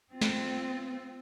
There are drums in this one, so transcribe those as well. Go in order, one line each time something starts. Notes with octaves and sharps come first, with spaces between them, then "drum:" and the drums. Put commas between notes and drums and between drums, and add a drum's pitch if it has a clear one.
C4 F4
drum: snare